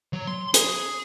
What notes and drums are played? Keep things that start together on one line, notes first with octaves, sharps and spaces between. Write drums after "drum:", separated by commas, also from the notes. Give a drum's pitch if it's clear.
F#3
C6
G#4, drum: hi-hat